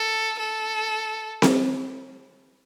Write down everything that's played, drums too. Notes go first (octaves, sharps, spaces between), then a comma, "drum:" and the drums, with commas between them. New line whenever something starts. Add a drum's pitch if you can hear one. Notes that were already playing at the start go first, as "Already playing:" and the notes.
Already playing: A4
A4
drum: snare C4